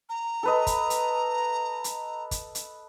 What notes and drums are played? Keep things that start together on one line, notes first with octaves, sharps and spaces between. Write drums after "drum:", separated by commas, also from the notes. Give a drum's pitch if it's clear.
A#5
A4 B4 D#5
drum: kick, hi-hat
drum: hi-hat
drum: hi-hat
drum: kick, hi-hat
drum: hi-hat